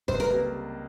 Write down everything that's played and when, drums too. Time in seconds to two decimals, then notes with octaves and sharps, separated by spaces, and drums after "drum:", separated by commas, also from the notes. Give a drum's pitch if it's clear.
0.08 C#2 C5, drum: kick F#1
0.20 A#4
0.30 C3 G3 A#3